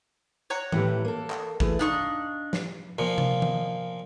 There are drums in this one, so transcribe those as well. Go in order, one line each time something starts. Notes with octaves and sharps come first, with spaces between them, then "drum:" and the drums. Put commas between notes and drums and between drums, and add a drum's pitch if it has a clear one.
C#5 F#5 A#5
A2 E3 G4, drum: tom D#3
A#3 A4
drum: clap
E3 A3 G#4, drum: kick
D4 D#4 F5 C#6
drum: snare
A#2 F3
drum: tom C3
drum: tom D#3